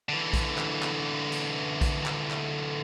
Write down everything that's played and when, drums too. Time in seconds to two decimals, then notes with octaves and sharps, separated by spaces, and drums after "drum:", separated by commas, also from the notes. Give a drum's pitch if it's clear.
0.09 D3 E3
0.33 drum: kick A#1, hi-hat
0.58 drum: clap
0.83 drum: clap
1.32 drum: hi-hat
1.81 drum: kick A#1, hi-hat
2.06 drum: clap
2.31 drum: clap